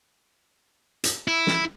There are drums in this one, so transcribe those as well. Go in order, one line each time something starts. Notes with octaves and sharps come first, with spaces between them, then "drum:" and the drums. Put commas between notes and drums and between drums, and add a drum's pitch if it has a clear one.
drum: hi-hat
E4
drum: snare